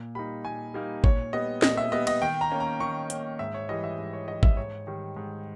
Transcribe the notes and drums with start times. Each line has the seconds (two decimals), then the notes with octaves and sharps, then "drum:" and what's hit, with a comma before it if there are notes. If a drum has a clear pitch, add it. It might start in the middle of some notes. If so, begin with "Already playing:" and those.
Already playing: A#2
0.15 G3 A#3 D#4 B5
0.45 A#2 G#5
0.74 G3 A#3 D#4
1.04 A#2 C#5, drum: kick
1.33 G3 B3 D#5
1.62 A#2 D#5, drum: snare
1.77 E5
1.92 G3 B3 D#5
2.07 D#5, drum: cymbal
2.21 D#3 G5
2.41 A#5
2.50 A#3 C#4
2.60 A#5
2.80 D#3 C#6
3.10 A#3 C#4, drum: hi-hat
3.39 G#2 E5
3.54 C#5
3.69 E3 G3 D#5
3.84 E5
3.98 G#2
4.13 C#5
4.28 E3 G3 D#5
4.43 E5, drum: kick
4.57 G#2 C#5
4.87 D#3 G3
5.16 G#2